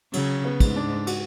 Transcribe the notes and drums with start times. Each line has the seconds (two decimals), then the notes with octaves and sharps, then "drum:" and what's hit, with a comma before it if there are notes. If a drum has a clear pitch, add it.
0.13 C#3 F#3, drum: cymbal
0.45 B3
0.60 G#2, drum: kick, cymbal
0.76 D4
1.07 F#4, drum: cymbal